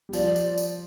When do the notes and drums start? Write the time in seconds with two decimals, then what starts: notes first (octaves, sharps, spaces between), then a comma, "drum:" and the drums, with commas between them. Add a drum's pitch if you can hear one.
0.09 G3
0.13 F3 D5, drum: tambourine
0.36 drum: tambourine
0.58 drum: tambourine